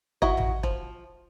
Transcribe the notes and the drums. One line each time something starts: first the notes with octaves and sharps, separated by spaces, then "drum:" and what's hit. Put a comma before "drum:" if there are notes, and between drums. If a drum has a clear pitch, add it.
E4 F#4 D#5, drum: kick E1
drum: tom A1
F3, drum: kick E1